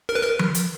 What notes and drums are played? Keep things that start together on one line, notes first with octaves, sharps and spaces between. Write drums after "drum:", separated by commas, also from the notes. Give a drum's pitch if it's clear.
A#4
B4
A#4
drum: tom F3
drum: hi-hat